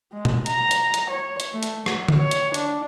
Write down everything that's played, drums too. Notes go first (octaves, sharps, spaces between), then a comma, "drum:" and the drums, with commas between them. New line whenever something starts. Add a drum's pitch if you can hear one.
G#3
drum: tom B2
A#5, drum: hi-hat
drum: hi-hat
drum: hi-hat
C#5
drum: hi-hat
A3
drum: hi-hat
F#3, drum: rim click
drum: tom D3
C#5
drum: hi-hat
D4, drum: hi-hat